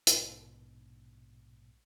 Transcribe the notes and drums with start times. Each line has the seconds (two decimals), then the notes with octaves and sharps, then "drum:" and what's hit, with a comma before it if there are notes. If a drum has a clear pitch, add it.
0.07 A#1 G#2 B2, drum: hi-hat